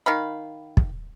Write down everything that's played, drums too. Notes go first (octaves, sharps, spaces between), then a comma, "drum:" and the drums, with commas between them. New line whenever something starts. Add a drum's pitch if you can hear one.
D#3 F5 B5
drum: kick